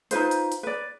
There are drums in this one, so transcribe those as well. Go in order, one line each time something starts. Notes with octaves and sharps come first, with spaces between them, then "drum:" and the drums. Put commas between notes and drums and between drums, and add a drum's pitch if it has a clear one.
D#4 F4 B4 C5, drum: hi-hat
drum: hi-hat
drum: hi-hat
B4 D5